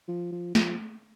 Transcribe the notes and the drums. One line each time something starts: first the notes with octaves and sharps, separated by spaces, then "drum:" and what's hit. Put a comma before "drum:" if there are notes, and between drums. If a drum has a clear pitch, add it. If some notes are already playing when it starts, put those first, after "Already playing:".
F3
F3
F3, drum: snare